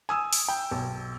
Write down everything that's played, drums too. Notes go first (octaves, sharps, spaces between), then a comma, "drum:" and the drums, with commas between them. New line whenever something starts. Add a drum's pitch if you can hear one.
G#5 D#6 E6
drum: open hi-hat
G5
B1